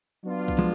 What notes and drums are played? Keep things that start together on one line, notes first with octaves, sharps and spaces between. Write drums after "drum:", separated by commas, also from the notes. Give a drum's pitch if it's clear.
F#3 B3 D4 F4
drum: kick C2
F3 G#3